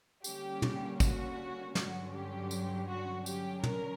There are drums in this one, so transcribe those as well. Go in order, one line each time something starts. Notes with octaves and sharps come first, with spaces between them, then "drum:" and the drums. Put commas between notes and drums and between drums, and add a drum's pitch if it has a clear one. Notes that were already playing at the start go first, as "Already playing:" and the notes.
D3 G3 A#3 C#4 G4, drum: tambourine
drum: tom
F#4, drum: kick, tambourine
G2 D3 F#3 C#4 F#4, drum: snare
G4
drum: tambourine
F#4
D3 F#3 C#4 G4, drum: tambourine
A#4, drum: tom